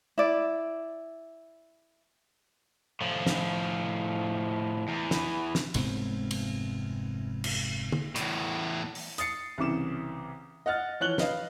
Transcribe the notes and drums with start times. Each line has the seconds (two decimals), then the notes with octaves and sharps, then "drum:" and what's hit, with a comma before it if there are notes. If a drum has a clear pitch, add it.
0.18 E4 D5
3.01 A2 F3
3.26 drum: snare
4.89 E2
5.11 drum: snare
5.55 drum: snare
5.74 F1 G#2 B3 C4, drum: cymbal
6.31 drum: cymbal
7.44 drum: cymbal
7.92 drum: tom
8.16 E2 A2, drum: hi-hat
8.95 drum: open hi-hat
9.18 D#6 A6 C7 C#7, drum: hi-hat
9.58 C2 C#3 E3 D6 E7
10.66 D#5 F#5 F6 A6
11.00 E3 F3 C#5 F#6 F#7 G7
11.18 B4 D#5 F5, drum: snare